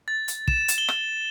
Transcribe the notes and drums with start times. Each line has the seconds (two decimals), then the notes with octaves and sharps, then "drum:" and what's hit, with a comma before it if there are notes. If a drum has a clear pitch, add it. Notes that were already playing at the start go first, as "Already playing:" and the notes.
0.08 A6
0.28 drum: hi-hat
0.48 E7, drum: kick
0.68 drum: hi-hat
0.78 G7
0.89 drum: rim click